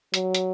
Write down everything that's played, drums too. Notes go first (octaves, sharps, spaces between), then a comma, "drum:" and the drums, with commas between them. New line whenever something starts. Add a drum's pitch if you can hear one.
F#3, drum: hi-hat
drum: hi-hat